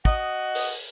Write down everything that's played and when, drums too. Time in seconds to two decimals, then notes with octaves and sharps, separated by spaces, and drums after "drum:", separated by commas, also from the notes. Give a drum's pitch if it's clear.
0.05 F#4 D#5, drum: kick
0.55 drum: open hi-hat